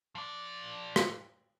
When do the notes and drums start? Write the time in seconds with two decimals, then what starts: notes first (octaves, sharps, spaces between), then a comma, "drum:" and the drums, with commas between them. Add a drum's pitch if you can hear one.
0.15 F3 D5
0.96 drum: rim click